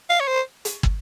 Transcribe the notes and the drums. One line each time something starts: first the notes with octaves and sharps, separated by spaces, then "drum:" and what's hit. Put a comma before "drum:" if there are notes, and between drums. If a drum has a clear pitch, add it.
F5
C#5
C5
drum: hi-hat
drum: kick